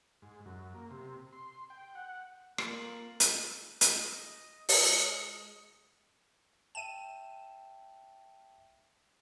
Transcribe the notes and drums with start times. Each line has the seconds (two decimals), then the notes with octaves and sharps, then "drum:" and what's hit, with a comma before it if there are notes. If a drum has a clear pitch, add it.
0.22 G#2
0.46 F#2
0.74 A#3
0.90 C3
1.33 C6
1.70 G5
1.95 F#5
2.58 A#3 C4 F4 A4 A#4 A6 C7 F#7, drum: rim click
3.20 drum: hi-hat
3.81 drum: hi-hat
3.95 D#5
4.69 G#3, drum: open hi-hat
6.75 E5 G5 A5 D#7 E7